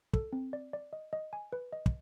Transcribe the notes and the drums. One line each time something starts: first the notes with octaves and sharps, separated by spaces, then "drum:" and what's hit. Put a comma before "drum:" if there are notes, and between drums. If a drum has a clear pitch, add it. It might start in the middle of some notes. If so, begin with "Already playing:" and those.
A4, drum: kick
C4
D5
D5
D#5
D#5
G#5
B4
D#5
drum: kick